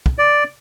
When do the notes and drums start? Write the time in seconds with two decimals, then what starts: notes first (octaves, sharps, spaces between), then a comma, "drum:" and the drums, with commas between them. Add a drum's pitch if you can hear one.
0.06 drum: kick
0.18 D5